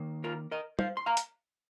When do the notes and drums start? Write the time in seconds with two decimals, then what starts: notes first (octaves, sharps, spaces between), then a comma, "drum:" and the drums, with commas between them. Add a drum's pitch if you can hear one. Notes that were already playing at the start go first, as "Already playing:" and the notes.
Already playing: D#3 A#3
0.24 F4 A#4
0.51 A#4 D#5
0.79 C5 F5, drum: tom
0.97 C6
1.06 F5 A#5
1.17 drum: hi-hat